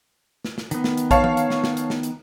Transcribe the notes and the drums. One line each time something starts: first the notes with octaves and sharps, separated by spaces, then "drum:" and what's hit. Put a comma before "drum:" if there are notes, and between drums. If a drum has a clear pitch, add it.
drum: snare
drum: snare
D#3 B3, drum: hi-hat
drum: snare
drum: hi-hat
C#5 F5 A5, drum: kick A#1, hi-hat
drum: tom E3
drum: hi-hat
drum: snare
drum: snare
drum: hi-hat
drum: snare
drum: hi-hat